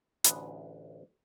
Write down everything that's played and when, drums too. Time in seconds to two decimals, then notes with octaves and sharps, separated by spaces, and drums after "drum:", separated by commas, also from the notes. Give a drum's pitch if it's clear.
0.24 A1 D2 G#4 B4, drum: hi-hat